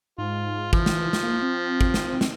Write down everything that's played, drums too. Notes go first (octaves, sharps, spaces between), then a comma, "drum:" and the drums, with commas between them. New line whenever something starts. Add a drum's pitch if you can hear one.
G#2 F4
E3 F3, drum: kick G#1
drum: snare
drum: snare
A#3
C4
drum: kick G#1
drum: snare
drum: snare